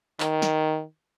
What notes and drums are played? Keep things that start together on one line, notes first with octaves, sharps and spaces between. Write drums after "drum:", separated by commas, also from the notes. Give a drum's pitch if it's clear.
D#3, drum: clap
drum: snare